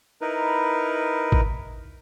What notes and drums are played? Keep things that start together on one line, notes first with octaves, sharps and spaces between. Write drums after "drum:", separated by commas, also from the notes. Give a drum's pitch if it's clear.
D#4 E4 A#4 B4
drum: kick A1